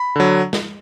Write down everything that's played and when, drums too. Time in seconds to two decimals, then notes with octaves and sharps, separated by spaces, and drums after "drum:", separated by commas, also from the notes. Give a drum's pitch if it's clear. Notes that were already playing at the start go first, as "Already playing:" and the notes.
Already playing: B5
0.16 D3 F#3
0.53 drum: snare